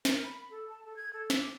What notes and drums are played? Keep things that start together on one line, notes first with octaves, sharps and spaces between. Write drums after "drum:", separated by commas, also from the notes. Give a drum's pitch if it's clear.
A#4, drum: snare
B5
A4
A5
A4
G#6
A4
drum: snare
D6